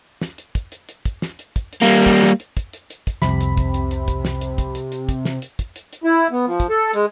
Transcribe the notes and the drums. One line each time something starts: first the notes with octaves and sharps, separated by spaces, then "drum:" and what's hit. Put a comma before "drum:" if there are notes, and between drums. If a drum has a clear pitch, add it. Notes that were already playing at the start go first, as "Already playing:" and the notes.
drum: snare
drum: hi-hat
drum: kick, hi-hat
drum: hi-hat
drum: hi-hat
drum: kick, hi-hat
drum: snare
drum: hi-hat
drum: kick, hi-hat
drum: hi-hat
G3 A#3
drum: kick, hi-hat
drum: snare
drum: hi-hat
drum: kick, hi-hat
drum: hi-hat
drum: hi-hat
drum: kick, hi-hat
C2 F2 C3 B5, drum: snare
drum: hi-hat
drum: kick, hi-hat
drum: hi-hat
drum: hi-hat
drum: kick, hi-hat
drum: snare
drum: hi-hat
drum: kick, hi-hat
drum: hi-hat
drum: hi-hat
drum: kick, hi-hat
drum: snare
drum: hi-hat
drum: kick, hi-hat
drum: hi-hat
drum: hi-hat
E4
B3
F3
drum: kick, hi-hat
A4
G#3, drum: hi-hat